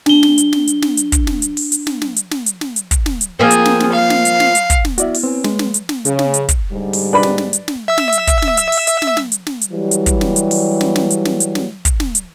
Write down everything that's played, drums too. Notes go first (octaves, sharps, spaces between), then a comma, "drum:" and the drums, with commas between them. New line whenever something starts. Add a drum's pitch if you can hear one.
D4 G7, drum: snare
drum: snare
drum: hi-hat
drum: snare
drum: hi-hat
drum: snare
drum: hi-hat
drum: kick, hi-hat
drum: snare
drum: hi-hat
drum: open hi-hat
drum: hi-hat
drum: snare
drum: snare
drum: hi-hat
drum: snare
drum: hi-hat
drum: snare
drum: hi-hat
drum: kick, hi-hat
drum: snare
drum: hi-hat
F3 A#3 C4 G#4
drum: hi-hat
drum: snare
drum: snare
F5
drum: snare
drum: hi-hat
drum: snare
drum: hi-hat
drum: kick, hi-hat
drum: snare
B3 E4 F#4 D5 E5, drum: hi-hat
drum: open hi-hat
C4 B4 C#5 G#5
G#3, drum: snare
drum: snare
drum: hi-hat
drum: snare
C#3, drum: hi-hat
drum: snare
drum: hi-hat
drum: kick, hi-hat
G#2 D3 G3
drum: open hi-hat
D4 B4 B5
drum: snare
drum: snare
drum: hi-hat
drum: snare
E5 E6
drum: snare
drum: hi-hat
drum: kick, hi-hat
drum: snare
drum: hi-hat
drum: open hi-hat
drum: hi-hat
drum: snare
drum: snare
drum: hi-hat
drum: snare
drum: hi-hat
E3 F#3 G3
drum: hi-hat
drum: kick, hi-hat
drum: snare
drum: hi-hat
drum: open hi-hat
drum: snare
drum: snare
drum: hi-hat
drum: snare
drum: hi-hat
drum: snare
drum: kick, hi-hat
drum: snare
drum: hi-hat